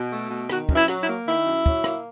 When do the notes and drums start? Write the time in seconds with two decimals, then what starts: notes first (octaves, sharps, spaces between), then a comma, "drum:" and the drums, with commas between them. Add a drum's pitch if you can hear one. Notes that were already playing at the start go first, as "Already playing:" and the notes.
Already playing: B2
0.11 A3
0.30 B2
0.49 D#3 F#4, drum: rim click
0.69 F#2, drum: kick
0.76 E4
0.88 F#3, drum: rim click
1.02 E4
1.07 A#3
1.27 D#3 E4
1.45 F#2
1.66 F#3, drum: kick
1.84 A#3, drum: rim click